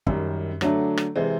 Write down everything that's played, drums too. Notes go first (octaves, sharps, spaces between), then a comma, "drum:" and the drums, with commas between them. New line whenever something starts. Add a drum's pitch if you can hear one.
F#2 D#3 G3, drum: kick
D3 F#3 A3 D4, drum: rim click
drum: rim click
C3 E3 G#3 C4